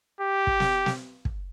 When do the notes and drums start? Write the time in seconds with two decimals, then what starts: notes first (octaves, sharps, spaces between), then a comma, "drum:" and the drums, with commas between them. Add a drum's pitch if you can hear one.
0.21 G4
0.47 drum: kick
0.60 drum: snare
0.86 drum: snare
1.25 drum: kick